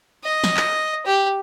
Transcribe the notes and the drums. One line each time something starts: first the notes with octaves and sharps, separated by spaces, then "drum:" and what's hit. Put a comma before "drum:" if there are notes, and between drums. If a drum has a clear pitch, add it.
D#5
drum: snare
drum: clap
G4